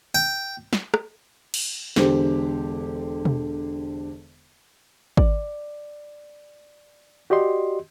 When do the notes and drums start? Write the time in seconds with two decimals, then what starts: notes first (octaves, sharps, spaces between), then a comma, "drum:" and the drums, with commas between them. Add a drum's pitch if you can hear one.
0.15 G5
0.73 drum: snare
0.94 drum: rim click
1.54 drum: cymbal
1.96 E1 D3 G4 C5, drum: snare
3.25 drum: tom B2
5.17 D5, drum: kick G#1
7.30 F#4 G4 D5 D#5 C6